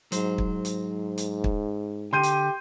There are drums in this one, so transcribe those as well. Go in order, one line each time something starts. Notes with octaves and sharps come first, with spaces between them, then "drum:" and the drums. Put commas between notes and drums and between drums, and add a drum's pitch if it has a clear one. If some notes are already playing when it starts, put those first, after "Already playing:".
G#2 F#3 C5, drum: hi-hat
drum: kick
drum: hi-hat
drum: hi-hat
drum: kick
D3 G4 C6 G6 D#7
drum: hi-hat